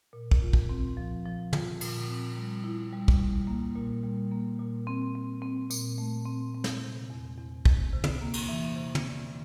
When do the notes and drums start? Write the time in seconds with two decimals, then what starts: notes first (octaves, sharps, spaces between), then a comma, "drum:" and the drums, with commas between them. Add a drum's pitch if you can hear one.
0.13 A#2
0.31 drum: kick
0.42 F4
0.53 drum: kick
0.69 C4
0.97 F3
1.25 F3
1.53 F4, drum: tom
1.81 A#2, drum: cymbal
2.08 C4
2.37 G3
2.64 E4
2.92 G3
3.08 drum: kick
3.20 G3
3.47 A#3
3.75 A#2
4.04 G3
4.32 A#3
4.59 A#2
4.87 C4
5.15 C4
5.42 C4
5.71 A#2, drum: tambourine
5.98 A3
6.25 C4
6.55 C4
6.64 drum: snare
6.82 C3
7.10 E2
7.38 E2
7.65 C3, drum: kick
7.93 C3
8.04 drum: tom
8.21 A#3
8.34 drum: cymbal
8.49 E3
8.76 C3
8.95 drum: tom
9.04 D3